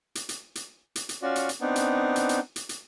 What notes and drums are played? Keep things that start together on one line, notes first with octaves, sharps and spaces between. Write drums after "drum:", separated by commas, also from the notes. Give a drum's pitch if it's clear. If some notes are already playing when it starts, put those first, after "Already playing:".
drum: hi-hat
drum: hi-hat
drum: hi-hat
drum: hi-hat
drum: hi-hat
C#4 F4 F#4 D5
drum: hi-hat
drum: hi-hat
B3 C4 D4 D#4
drum: hi-hat
drum: hi-hat
drum: hi-hat
drum: hi-hat
drum: hi-hat